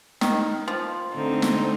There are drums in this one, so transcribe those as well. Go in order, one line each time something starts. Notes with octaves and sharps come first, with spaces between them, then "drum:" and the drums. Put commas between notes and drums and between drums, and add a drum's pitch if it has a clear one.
D#3, drum: snare
F3
D3 A3 C4 D#4
drum: snare